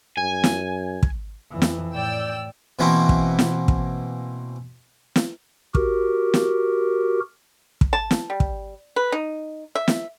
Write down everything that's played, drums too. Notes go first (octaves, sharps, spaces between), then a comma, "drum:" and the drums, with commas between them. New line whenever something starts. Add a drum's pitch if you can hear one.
F#2 G#5
drum: snare
drum: kick
F2 E3
drum: snare
A2 D5 G5 E6
B2 E3 A#3 C4 E4 F#4
drum: kick
drum: snare
drum: kick
drum: snare
F#4 G4 A#4, drum: kick
drum: snare
drum: kick
A5
drum: snare
G3
drum: kick
B4
D#4
E5
drum: snare